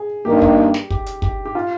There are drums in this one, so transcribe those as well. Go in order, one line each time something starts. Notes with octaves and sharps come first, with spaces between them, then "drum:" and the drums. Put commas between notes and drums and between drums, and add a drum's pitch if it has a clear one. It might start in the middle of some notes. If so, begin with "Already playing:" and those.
Already playing: G#4
G2 D#3 A#3 D#4 G4 A#4
drum: kick
drum: snare
G4, drum: kick
drum: hi-hat
G4, drum: kick
G4
F4